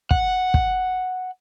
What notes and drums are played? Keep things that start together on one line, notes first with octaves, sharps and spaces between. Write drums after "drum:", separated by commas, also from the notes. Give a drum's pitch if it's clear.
F#5, drum: kick
drum: kick